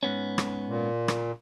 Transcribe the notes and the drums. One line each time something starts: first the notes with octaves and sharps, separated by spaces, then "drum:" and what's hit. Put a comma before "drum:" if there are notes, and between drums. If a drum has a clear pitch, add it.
G#2 B3 C#4
drum: rim click
A#2
drum: rim click